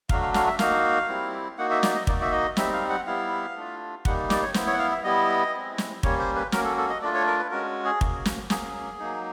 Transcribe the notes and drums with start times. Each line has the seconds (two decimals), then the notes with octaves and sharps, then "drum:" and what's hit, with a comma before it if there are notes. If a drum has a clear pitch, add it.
0.09 F#3 A3 D4 F#4 F5, drum: kick
0.22 F5
0.34 F5, drum: snare
0.47 E5
0.59 A#3 D#4 F#4 F5, drum: snare
1.08 G3 C4 E4
1.58 A#3 D#4 F#4 F#5
1.70 E5
1.83 D5, drum: snare
1.95 D#5
2.07 A#3 D#4 F#4 D5, drum: kick
2.21 E5
2.32 D#5
2.57 G3 C4 D#4 E5, drum: snare
2.73 F5
2.90 F#5
3.07 G3 B3 E4 F5
3.56 A3 D4 F4
4.05 G3 A#3 D#4 F#5, drum: kick
4.30 D5, drum: snare
4.42 C#5
4.54 B3 E4 C5, drum: snare
4.67 C#5
4.73 F#5
4.79 F5
4.91 E5
5.04 G3 B3 E4 D#5
5.54 G#3 C4 E4
5.78 drum: snare
6.03 G3 A#3 C#4 C#5, drum: kick
6.19 C5
6.36 B4
6.52 A#3 C#4 F#4 A#4, drum: snare
6.64 A4
6.77 A4
6.89 D#5
7.02 A3 D4 F4 D5
7.14 C#5
7.27 A#4
7.39 B4
7.51 G#3 C#4 F#4 A#4
7.85 G#4
8.01 A#3 C#4 F#4, drum: kick
8.25 drum: snare
8.50 F#3 A#3 C#4 G#4, drum: snare
8.99 F#3 A#3 D#4